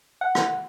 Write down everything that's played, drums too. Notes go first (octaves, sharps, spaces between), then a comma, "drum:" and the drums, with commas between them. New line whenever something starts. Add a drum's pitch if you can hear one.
F#5
drum: rim click